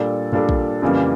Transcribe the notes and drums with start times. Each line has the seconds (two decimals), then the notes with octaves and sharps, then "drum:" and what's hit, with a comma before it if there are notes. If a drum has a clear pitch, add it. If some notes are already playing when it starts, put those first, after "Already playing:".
Already playing: A#2 G3 D4 A4 D5
0.32 A#2 G3 D4 A4 D5
0.49 drum: kick
0.82 F2 C#3 E3 G3 A#3